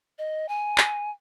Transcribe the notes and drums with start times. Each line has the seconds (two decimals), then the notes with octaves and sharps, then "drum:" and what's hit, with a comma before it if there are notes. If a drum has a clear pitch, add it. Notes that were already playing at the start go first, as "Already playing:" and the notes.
0.18 D#5
0.49 G#5
0.78 drum: clap